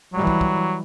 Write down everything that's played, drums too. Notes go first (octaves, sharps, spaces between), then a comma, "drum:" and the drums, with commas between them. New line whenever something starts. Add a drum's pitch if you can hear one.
E3 F#3 G3
drum: kick
drum: kick